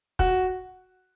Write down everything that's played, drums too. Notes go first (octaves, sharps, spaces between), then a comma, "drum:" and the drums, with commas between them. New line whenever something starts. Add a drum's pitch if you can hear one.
F#4, drum: kick